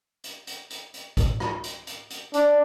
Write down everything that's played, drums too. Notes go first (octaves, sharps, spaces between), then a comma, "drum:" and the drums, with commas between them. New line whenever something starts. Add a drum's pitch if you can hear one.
drum: hi-hat
drum: hi-hat
drum: hi-hat
drum: hi-hat
drum: kick G#1, hi-hat
drum: rim click
drum: hi-hat
drum: hi-hat
drum: hi-hat
D4, drum: hi-hat